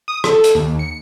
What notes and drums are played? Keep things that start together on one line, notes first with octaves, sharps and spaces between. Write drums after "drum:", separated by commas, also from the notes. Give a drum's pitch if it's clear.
D#6
A4, drum: rim click
drum: hi-hat
D#2
C#7